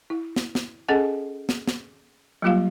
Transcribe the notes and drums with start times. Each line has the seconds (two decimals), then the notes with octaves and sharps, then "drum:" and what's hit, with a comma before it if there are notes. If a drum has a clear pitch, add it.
0.10 E4
0.36 drum: snare
0.55 drum: snare
0.88 C#4 G#4 A4 D#5 F#5 G#5
1.49 drum: snare
1.68 drum: snare
2.42 F#3 G3 A#3 F4 G4 F5